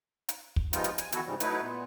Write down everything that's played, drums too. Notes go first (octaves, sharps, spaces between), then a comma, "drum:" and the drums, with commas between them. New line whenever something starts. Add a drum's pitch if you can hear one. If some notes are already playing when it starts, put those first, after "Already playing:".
drum: hi-hat
drum: kick
F3 G3 G#3 B3 D#4 F4, drum: hi-hat
drum: hi-hat
G#5, drum: hi-hat
D#3 E3 B3 E4 F#4 A4, drum: hi-hat
G#2 C#3 E3 F3 G3
F#3 A3 D#4 E4 B4, drum: hi-hat
A#2 B3